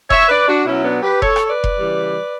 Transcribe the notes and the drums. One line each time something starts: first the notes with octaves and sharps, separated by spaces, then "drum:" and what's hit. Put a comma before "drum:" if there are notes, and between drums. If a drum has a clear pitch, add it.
C#5 E5, drum: kick F1
B4 D5
D4 F#4
B2 F#3 C#4 E4
B3 D4
G4 B4
A4 C#5, drum: kick F1
drum: rim click
C#5
B4 D5
drum: kick F1
C#3 E3 G3